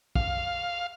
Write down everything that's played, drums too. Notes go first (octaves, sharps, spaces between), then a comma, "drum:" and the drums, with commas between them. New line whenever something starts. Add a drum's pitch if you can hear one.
F5, drum: kick